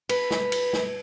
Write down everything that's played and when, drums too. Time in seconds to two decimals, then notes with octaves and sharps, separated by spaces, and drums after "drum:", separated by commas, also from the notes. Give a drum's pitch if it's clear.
0.09 B4, drum: cymbal
0.31 drum: snare
0.52 drum: cymbal
0.73 drum: snare